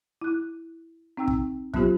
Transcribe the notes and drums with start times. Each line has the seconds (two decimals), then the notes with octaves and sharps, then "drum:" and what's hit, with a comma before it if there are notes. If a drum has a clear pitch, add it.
0.22 E4 F#6
1.17 C4 D#4 G5 E6
1.28 drum: kick
1.74 F#3 B3 C#4 F4 G4 C5, drum: kick